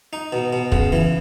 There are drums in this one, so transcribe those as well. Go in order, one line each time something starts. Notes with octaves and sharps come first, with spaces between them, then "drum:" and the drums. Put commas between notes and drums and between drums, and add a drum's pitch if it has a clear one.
D#4
B2
B2
C#3, drum: kick
E3